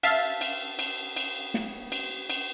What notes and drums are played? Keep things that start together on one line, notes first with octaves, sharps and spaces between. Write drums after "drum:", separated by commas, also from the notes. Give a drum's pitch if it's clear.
E5 F5 A5, drum: cymbal
drum: cymbal
drum: cymbal
drum: cymbal
drum: snare
drum: cymbal
drum: cymbal